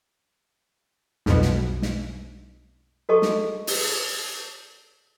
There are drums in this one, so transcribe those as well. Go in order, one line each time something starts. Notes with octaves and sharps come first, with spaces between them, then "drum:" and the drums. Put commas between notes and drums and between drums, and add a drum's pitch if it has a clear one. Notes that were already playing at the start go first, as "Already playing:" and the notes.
B1 F2 B2, drum: snare
drum: snare
drum: snare
F#4 G#4 A4 D#5 A5 C#6
drum: snare
drum: open hi-hat